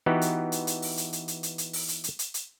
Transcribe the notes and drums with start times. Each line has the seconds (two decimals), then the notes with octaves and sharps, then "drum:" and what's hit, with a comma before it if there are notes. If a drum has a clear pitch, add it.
0.06 E3 B3 D#4 F#4 G4
0.22 drum: hi-hat
0.52 drum: hi-hat
0.67 drum: hi-hat
0.82 drum: open hi-hat
0.97 drum: hi-hat
1.13 drum: hi-hat
1.28 drum: hi-hat
1.43 drum: hi-hat
1.58 drum: hi-hat
1.73 drum: open hi-hat
1.88 drum: hi-hat
2.04 drum: hi-hat
2.19 drum: hi-hat
2.34 drum: hi-hat